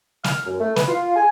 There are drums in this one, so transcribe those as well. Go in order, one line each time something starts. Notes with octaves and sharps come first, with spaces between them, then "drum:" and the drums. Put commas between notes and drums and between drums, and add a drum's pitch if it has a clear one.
F6, drum: snare
F#2
A3
B4, drum: snare
F4
G#5